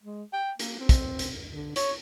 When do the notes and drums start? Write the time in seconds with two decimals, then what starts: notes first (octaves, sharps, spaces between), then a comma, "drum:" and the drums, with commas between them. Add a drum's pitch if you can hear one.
0.03 G#3
0.33 G5
0.59 A#3, drum: hi-hat
0.79 C4
0.89 drum: kick, hi-hat
1.19 drum: hi-hat
1.53 D3
1.76 C#5, drum: hi-hat